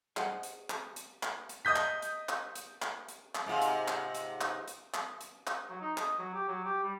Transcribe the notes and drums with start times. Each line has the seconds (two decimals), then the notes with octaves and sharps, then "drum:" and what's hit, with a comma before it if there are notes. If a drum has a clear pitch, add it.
0.17 G#4 C5 D#5 F#5, drum: clap
0.43 drum: hi-hat
0.70 drum: clap
0.96 drum: hi-hat
1.23 drum: clap
1.49 drum: hi-hat
1.65 D#5 D#6 G6 B6
1.76 drum: clap
2.02 drum: hi-hat
2.29 drum: clap
2.55 drum: hi-hat
2.82 drum: clap
3.08 drum: hi-hat
3.35 drum: clap
3.46 G#2 C3 F4
3.62 drum: hi-hat
3.88 drum: clap
4.15 drum: hi-hat
4.41 drum: clap
4.68 drum: hi-hat
4.94 drum: clap
5.21 drum: hi-hat
5.47 drum: clap
5.70 F#3
5.81 D#4
5.97 D#5, drum: clap
6.19 F#3
6.34 G4
6.48 F#3
6.64 G4
6.84 G3